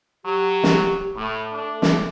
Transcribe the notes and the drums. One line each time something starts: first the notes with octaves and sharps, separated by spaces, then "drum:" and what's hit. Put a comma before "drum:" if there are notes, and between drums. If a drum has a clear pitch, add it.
F#3 G4
drum: snare
A2 A3
D4
drum: snare